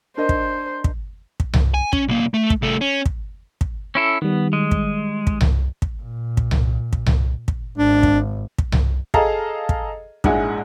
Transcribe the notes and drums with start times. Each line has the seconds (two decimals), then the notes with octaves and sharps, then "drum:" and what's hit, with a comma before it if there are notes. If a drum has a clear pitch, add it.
0.17 D4 A#4 C5 D#5
0.29 drum: kick
0.84 drum: kick
1.40 drum: kick
1.54 drum: tom C2
1.74 G#5
1.93 C#4, drum: kick
2.08 B1 A#3
2.34 A3
2.50 drum: kick
2.62 C2 A3
2.81 C#4
3.06 drum: kick
3.61 drum: kick
3.95 C#4 E4 A4
4.22 D#3 G3 B3
4.53 G#3
4.71 drum: kick
5.27 drum: kick
5.41 drum: tom C2
5.82 drum: kick
6.02 A#2
6.37 drum: kick
6.51 drum: tom C2
6.93 drum: kick
7.06 drum: tom C2
7.48 drum: kick
7.78 G#1 D4
8.03 drum: kick
8.59 drum: kick
8.72 drum: tom C2
9.14 G#4 A4 D#5 F5 A5 A#5, drum: kick
9.69 drum: kick
10.24 A#1 G#2 G#3 E4 F#5 G#5, drum: kick